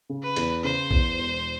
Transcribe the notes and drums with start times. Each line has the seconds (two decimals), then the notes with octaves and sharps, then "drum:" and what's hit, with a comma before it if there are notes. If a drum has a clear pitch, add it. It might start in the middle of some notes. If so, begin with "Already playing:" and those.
0.09 C#3
0.23 B4
0.36 E2, drum: cymbal
0.64 C#3 C5
0.91 E2, drum: kick A#1
1.18 E1